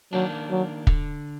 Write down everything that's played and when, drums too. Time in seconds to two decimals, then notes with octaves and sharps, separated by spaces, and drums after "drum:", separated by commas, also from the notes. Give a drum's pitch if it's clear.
0.12 D#3 F#3 A#3 D4
0.50 F#3
0.87 D3, drum: kick